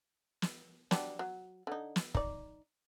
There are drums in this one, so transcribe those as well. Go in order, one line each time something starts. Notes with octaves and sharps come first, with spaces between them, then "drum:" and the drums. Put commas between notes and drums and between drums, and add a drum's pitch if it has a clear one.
drum: snare
F#3 G3 D4, drum: snare
F#3
D3 D#4
drum: snare
D#4 D5, drum: kick